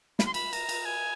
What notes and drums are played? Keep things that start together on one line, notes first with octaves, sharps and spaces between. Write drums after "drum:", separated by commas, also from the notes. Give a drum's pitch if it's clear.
B5, drum: snare
C6
B5, drum: cymbal
A#5, drum: cymbal
drum: cymbal
G#5